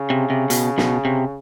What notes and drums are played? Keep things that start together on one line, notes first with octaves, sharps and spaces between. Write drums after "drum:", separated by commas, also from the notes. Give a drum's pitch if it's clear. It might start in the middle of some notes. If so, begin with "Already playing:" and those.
Already playing: C#3
C3
C3
B2, drum: hi-hat
B2, drum: snare
C3